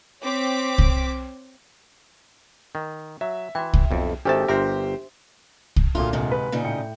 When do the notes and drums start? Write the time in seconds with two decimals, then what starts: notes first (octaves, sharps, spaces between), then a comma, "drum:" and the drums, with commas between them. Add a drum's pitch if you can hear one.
0.23 C4 C#5 D6 B6
0.78 drum: kick C2
2.75 D#3
3.21 F#3 E5
3.55 E3 F#4 G5
3.74 drum: kick C2
3.91 B1 F2
4.25 G#1 D#3 D4 G4 A4 C5 E5 A5
4.48 G1 G4 A#4 C5 E5 C6
5.76 drum: kick C2
5.95 D2 A#2 F#3 F4
6.13 G#2 C3 D#3
6.32 B4
6.52 A#2 C#3 D#4
6.64 A2 G5 C#7